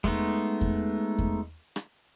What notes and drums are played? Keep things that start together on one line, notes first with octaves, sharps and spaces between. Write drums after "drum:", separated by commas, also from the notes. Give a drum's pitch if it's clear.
G#3 A3 B3 D#4, drum: kick E2
drum: kick E2
drum: kick E2
drum: rim click